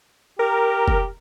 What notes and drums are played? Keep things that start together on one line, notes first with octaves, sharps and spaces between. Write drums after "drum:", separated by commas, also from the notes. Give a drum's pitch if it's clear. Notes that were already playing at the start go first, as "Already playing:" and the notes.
G4 A#4
drum: kick